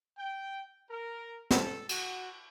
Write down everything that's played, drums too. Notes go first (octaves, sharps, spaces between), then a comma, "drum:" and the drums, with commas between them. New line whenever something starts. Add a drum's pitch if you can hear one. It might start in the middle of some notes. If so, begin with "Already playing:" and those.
G5
A#4
A4, drum: snare
F#4, drum: cymbal